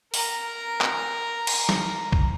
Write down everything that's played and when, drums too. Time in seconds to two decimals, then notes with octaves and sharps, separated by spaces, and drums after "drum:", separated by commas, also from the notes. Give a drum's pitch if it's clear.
0.14 A#4 A#5, drum: open hi-hat
0.81 drum: clap
1.47 drum: cymbal
1.69 drum: snare
2.12 drum: kick